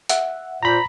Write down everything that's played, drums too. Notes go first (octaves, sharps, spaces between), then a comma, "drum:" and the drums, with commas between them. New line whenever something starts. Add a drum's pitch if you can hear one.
E5 F#5, drum: hi-hat
A#2 C5 A#5 B5